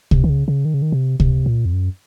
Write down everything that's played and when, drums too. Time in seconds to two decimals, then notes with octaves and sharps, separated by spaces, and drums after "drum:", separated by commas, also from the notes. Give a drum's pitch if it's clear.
0.11 C3, drum: kick C#2
0.24 D#3
0.30 C#3
0.48 C#3
0.65 D#3
0.74 C#3
0.82 D#3
0.92 C3
1.20 C3, drum: kick C#2
1.46 A#2
1.65 F2
1.73 F#2